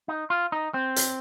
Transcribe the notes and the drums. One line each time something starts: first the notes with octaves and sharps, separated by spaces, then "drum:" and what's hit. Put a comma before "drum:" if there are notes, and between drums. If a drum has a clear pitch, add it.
D#4
F4
D#4
C4
drum: hi-hat